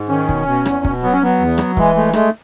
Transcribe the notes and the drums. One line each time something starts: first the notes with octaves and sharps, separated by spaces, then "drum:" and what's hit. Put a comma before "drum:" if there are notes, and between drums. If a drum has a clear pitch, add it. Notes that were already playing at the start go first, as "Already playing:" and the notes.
Already playing: G#2
D#3 C#4
B2, drum: kick
B2
E2, drum: rim click
B2, drum: kick
F#3 B3
C#4
F#3 B3
E2
F#3, drum: rim click
E3 G#3, drum: kick
G#3 A3
G#3 A3, drum: rim click